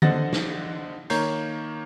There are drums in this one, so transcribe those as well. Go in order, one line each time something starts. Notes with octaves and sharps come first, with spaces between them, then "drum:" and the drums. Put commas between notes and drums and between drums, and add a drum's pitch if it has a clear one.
D3 C5 D#5 F#5 A6 A#6, drum: tom D3
drum: snare
D#3 A#3 C#5 A#5 G6 C7, drum: hi-hat